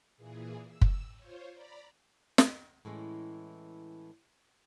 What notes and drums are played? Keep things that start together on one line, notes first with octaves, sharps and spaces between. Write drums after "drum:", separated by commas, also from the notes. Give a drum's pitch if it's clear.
A#2 E3 G#4
E6
drum: kick
F4 C5 C#5
D5 A#5 B5
drum: snare
A2 E3 G#3 C#4